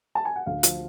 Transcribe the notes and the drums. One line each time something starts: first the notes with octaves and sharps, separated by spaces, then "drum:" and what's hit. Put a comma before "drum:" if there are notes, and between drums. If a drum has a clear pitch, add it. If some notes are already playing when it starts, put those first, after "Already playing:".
A5
G#5
F#5
D2 F5
F3, drum: hi-hat